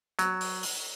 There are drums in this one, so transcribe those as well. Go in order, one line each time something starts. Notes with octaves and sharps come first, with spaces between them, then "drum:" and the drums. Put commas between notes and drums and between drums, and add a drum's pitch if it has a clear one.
F#3, drum: hi-hat
drum: open hi-hat
drum: open hi-hat